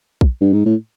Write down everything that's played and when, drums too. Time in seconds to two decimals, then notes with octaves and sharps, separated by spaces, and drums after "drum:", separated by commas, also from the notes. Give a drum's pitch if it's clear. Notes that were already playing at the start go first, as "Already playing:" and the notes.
0.21 drum: kick
0.41 G2
0.53 G#2
0.66 A2